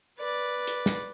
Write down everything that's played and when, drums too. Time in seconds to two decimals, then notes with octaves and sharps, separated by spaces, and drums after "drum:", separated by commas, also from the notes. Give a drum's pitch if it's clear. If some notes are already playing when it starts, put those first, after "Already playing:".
0.18 B4 D5
0.67 drum: hi-hat
0.86 drum: snare